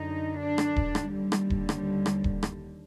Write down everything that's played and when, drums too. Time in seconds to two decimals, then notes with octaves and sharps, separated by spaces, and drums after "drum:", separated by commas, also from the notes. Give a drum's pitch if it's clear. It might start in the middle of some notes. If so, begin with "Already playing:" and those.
Already playing: F#2 D3 D#4
0.39 D4
0.58 drum: rim click
0.76 drum: kick D#1
0.95 drum: rim click
1.13 D#2 D3 G3
1.32 drum: rim click
1.50 drum: kick D#1
1.69 drum: rim click
2.06 drum: rim click
2.24 drum: kick D#1
2.43 drum: rim click